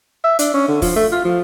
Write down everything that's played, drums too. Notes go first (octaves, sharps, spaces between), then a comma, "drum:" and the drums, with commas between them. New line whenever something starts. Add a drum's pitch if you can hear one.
E5
D4, drum: hi-hat
C#4
D3
F3, drum: kick, open hi-hat
A3
F4
F3